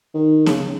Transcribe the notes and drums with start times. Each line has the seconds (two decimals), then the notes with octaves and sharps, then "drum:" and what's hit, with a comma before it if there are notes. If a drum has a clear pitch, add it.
0.14 D#3
0.46 C#3, drum: snare B3